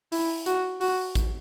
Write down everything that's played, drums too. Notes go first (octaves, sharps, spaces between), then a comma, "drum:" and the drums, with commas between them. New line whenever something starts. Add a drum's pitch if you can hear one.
E4, drum: open hi-hat
F#4, drum: hi-hat
F#4, drum: open hi-hat
drum: kick A1, hi-hat